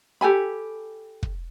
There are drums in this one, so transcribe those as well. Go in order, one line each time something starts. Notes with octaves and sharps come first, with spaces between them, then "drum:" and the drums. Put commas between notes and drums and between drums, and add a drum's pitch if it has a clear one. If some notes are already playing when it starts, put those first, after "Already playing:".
G4 A4 G#5 B5
drum: kick